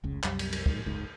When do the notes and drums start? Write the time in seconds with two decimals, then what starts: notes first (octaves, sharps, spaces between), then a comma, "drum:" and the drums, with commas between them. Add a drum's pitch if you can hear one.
0.04 F1 C#2 C#3
0.23 C2 F#2 G3, drum: clap
0.39 drum: cymbal
0.53 drum: cymbal
0.66 G#2, drum: kick
0.85 F#1 C#2 G#2